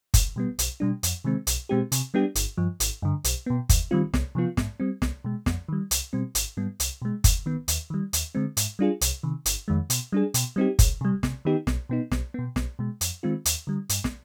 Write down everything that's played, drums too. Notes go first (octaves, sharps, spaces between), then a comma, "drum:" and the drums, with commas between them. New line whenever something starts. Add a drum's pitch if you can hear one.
C2, drum: kick F#1, hi-hat
B2 G3 B3
B1, drum: hi-hat
B2 G3 D4
F2, drum: hi-hat
C3 D#3 G#3 C4
B1, drum: hi-hat
B2 G#3 C4 G4
C3, drum: hi-hat
G3 B3 D4 G4
G1, drum: hi-hat
G2 F3
G#1, drum: hi-hat
G2 D3
B1, drum: hi-hat
B2 B3
D#2, drum: kick F#1, hi-hat
D#3 G3 C4 F4
C2, drum: snare
C3 F3 B3 F4
G#2, drum: snare
G3 C4
C2, drum: snare
B2 G#3
F2, drum: snare
D#3 G3
C2, drum: hi-hat
B2 G3 C4
G#1, drum: hi-hat
G#2 G3 B3
C2, drum: hi-hat
B2 G#3
D#2, drum: kick F#1, hi-hat
D#3 B3
D#2, drum: hi-hat
D#3 G3
D#2, drum: hi-hat
D3 G#3 C4
G#2, drum: hi-hat
G3 D4 F4 G#4
C2, drum: hi-hat
C3 D#3
G1, drum: hi-hat
F2 D#3 G#3
B2, drum: hi-hat
G3 D4 G#4
B2, drum: hi-hat
G3 C4 D#4 G4
C2, drum: kick F#1, hi-hat
C3 G3
C3, drum: snare
D#3 B3 D#4 G4
B1, drum: snare
B2 B3 D#4
B1, drum: snare
B2 B3
B1, drum: snare
B2 G#3
F2, drum: hi-hat
D#3 G#3 C4 F4
D#2, drum: hi-hat
D3 G3
G2, drum: hi-hat
drum: snare